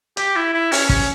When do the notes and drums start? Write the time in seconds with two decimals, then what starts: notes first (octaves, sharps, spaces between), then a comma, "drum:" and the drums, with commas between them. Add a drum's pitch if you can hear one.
0.17 G4, drum: hi-hat
0.36 E4
0.54 E4
0.72 C#4, drum: open hi-hat
0.89 C#4, drum: kick